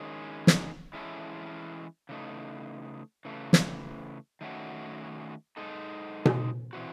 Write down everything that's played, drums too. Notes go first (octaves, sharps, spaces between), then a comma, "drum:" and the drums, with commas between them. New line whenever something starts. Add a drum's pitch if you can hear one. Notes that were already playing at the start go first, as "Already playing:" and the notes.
Already playing: D#3 G#3 C#4
drum: snare
E3 G#3 C#4 E4 A4
C#3 E3 A3 D#4
C#3 E3 A3
drum: snare
D#3 A3 C#4 F#4
G#3 D#4 A4
drum: tom B2
E3 C4 F#4